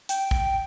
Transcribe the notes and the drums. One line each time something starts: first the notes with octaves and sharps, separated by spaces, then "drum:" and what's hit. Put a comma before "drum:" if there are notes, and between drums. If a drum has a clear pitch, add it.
G5, drum: hi-hat
drum: kick